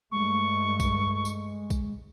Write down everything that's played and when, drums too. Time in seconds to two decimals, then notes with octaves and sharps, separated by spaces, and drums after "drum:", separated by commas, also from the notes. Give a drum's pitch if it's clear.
0.12 G2 G#3 A3 C#6
0.80 drum: kick A#1, tambourine
1.25 drum: tambourine
1.70 drum: kick A#1, tambourine